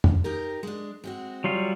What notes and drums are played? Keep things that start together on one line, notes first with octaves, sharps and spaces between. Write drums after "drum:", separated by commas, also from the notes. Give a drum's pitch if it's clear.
drum: tom
D#4 G4 A#4
G#3 D4
G#3 C4 F#4
F#3 G3 F4